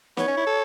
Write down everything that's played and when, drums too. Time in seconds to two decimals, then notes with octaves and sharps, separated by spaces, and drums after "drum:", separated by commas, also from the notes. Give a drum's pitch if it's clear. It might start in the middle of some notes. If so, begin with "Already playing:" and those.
0.17 B3 C#5, drum: snare
0.28 C#4
0.37 E4
0.46 A4